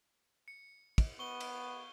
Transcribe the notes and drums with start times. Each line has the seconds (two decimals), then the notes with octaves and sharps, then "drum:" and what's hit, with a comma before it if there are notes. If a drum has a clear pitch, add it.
0.48 C#7
0.98 drum: kick, cymbal
1.19 B3 C#6 G7
1.40 drum: cymbal